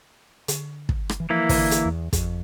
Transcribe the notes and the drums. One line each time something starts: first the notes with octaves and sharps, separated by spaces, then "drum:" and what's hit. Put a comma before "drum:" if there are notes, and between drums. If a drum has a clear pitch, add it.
D3, drum: hi-hat
drum: kick
drum: rim click
E3
E3 F3 A#3 E4
C#3, drum: kick, open hi-hat
D3
drum: hi-hat
E2
F2, drum: kick, hi-hat